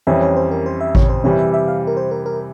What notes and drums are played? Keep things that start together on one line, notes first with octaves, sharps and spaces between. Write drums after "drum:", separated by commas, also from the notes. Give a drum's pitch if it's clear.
F2 E3 G3 C#4 E5
C#5
C5
A#4
C5
E5
C#5, drum: kick A1
C5
C3 E3 G3 C#5
E5
E5
F5
A#4
C5
A#4
A#4